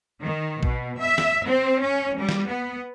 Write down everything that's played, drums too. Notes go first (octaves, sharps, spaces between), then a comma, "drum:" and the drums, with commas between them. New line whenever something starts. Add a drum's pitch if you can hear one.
D#3
B2, drum: kick
E5
drum: snare
C4
C#4
G3
drum: snare
B3